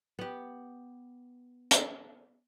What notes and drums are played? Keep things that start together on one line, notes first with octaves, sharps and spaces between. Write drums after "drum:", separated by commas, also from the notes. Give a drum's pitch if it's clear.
B3 G4
drum: hi-hat